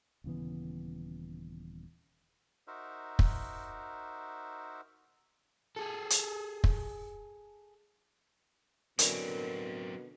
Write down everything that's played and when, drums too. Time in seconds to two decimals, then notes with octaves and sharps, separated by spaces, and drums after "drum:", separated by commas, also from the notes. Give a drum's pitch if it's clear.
0.24 D#1 C#3 E3 B3
2.67 D#4 F#4 A#4 C5 E5
3.19 drum: kick
5.76 G#4 A4
6.10 drum: hi-hat
6.64 drum: kick
8.99 B2 D3 F#3 C4 C#4 E4 A#4, drum: hi-hat